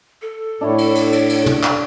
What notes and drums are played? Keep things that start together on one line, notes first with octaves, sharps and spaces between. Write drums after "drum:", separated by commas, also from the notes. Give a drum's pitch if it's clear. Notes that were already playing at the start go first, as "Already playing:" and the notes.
A4
A2 D4 E4 C#5
drum: cymbal
drum: cymbal
drum: cymbal
drum: cymbal
drum: tom
drum: clap